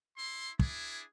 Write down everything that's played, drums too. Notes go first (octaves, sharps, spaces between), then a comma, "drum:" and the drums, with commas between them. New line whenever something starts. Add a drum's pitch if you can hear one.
E4 C6
D4 E4 G#4, drum: kick